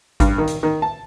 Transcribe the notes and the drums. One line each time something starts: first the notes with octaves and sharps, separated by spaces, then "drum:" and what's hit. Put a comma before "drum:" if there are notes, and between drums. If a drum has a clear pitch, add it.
G2, drum: kick G#1, hi-hat
D#3
drum: hi-hat
D#3
A5